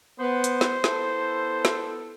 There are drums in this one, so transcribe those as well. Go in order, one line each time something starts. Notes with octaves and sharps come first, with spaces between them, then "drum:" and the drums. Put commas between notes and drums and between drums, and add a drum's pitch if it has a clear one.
B3 C5
drum: hi-hat
drum: snare
B3 E4 A4, drum: snare
drum: snare